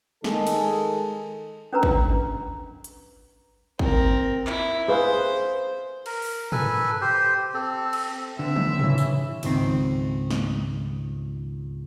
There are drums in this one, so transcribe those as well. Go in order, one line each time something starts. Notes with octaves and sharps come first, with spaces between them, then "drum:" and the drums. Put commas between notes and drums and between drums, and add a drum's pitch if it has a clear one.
D#3 G#3 G#4 A4, drum: snare
drum: cymbal
C#4 D4 A#4 B4 A#5
drum: kick
drum: hi-hat
C4 A#4, drum: kick
E4, drum: clap
G#4 B4 C5 F5
A#4, drum: cymbal
drum: open hi-hat
A4 B4 G#5, drum: tom
G4 C5
C4 A4
drum: cymbal
D3 C4 E5
drum: tom
C#3 E3, drum: tom
drum: tambourine
C#2 G#2 D#3 C4, drum: cymbal
drum: snare